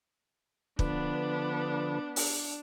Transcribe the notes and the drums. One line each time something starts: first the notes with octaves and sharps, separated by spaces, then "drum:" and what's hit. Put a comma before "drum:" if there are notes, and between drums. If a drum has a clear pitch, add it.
D3 F3 B3 D4 B4, drum: kick
D4, drum: open hi-hat